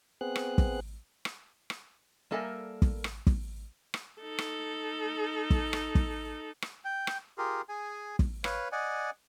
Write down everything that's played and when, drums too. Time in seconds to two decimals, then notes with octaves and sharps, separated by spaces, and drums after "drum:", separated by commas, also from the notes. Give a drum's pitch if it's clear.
0.21 B3 C4 G#4 F#6
0.35 drum: rim click
0.58 drum: kick
1.25 drum: rim click
1.70 drum: rim click
2.31 G3 A#3 A4 A#4 E5 G#5
2.82 drum: kick
3.04 drum: rim click
3.27 drum: kick
3.94 drum: rim click
4.22 D#4 A4
4.38 drum: rim click
5.50 drum: kick
5.73 drum: rim click
5.95 drum: kick
6.62 drum: rim click
6.85 G5
7.07 drum: rim click
7.38 F4 G4 G#4 A#4
7.69 G#4 G#5
8.19 drum: kick
8.44 B4 C#5 F5, drum: rim click
8.72 D5 D#5 F#5 G#5